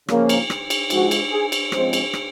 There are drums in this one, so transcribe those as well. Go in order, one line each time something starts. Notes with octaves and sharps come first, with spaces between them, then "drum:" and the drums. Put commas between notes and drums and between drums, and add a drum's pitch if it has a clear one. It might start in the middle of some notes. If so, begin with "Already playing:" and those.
C#3 F3 A#3 C#4, drum: rim click
drum: cymbal
drum: rim click
drum: cymbal
G#2 F3 G#3 F#4, drum: cymbal
drum: cymbal
G#4
drum: cymbal
C#3 F3 G#3 C4 C5, drum: rim click
drum: cymbal
drum: rim click